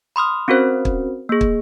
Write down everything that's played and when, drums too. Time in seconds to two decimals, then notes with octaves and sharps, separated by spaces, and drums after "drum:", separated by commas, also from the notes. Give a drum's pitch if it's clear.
0.16 B5 C6 D#6 F6
0.48 C4 C#4 F#4 A#4 C5
0.85 drum: kick
1.29 A#3 G#4
1.41 drum: kick